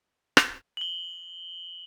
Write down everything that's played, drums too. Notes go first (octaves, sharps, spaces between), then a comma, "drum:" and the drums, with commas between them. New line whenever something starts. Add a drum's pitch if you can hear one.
drum: rim click
F#7 G7